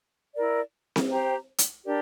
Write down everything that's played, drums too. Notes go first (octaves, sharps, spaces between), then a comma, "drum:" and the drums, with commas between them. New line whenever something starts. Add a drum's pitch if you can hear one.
E4 A#4 D5
drum: snare C4
G4 C5 G5 A#5
drum: hi-hat
D4 G4 A#4 D5